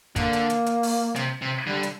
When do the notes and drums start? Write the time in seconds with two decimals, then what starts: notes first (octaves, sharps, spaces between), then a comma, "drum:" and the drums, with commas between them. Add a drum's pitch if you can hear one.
0.16 D3 A#3, drum: kick, hi-hat
0.33 drum: hi-hat
0.50 drum: hi-hat
0.66 drum: hi-hat
0.83 drum: open hi-hat
1.16 C3, drum: hi-hat
1.42 C3
1.67 D3 G3
1.83 drum: hi-hat